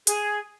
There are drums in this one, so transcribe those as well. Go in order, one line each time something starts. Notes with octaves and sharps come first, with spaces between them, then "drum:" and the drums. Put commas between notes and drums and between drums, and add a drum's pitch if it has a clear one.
G#4, drum: hi-hat